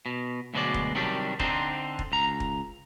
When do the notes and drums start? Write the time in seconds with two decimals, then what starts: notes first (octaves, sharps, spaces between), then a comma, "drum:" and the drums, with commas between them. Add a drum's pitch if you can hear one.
0.06 B2
0.54 D2 B2 F#3 G#3 D5
0.74 drum: kick E1
0.95 C3 D#3 F#3 G3 D4
1.40 D3 C4 D4 D#4 C5, drum: kick E1
1.99 drum: kick E1
2.12 C#2 A#5
2.40 drum: kick E1